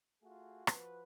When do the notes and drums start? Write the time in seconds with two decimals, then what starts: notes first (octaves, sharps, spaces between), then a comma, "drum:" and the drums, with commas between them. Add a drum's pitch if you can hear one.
0.23 A3 F4 F#4 G#4
0.67 F3 F#4 B4, drum: rim click